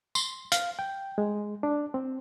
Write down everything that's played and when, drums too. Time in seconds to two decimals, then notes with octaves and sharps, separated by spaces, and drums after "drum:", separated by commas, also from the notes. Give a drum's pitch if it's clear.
0.15 C6, drum: tambourine
0.52 F5, drum: hi-hat
0.79 G5
1.18 G#3
1.63 D4
1.94 C4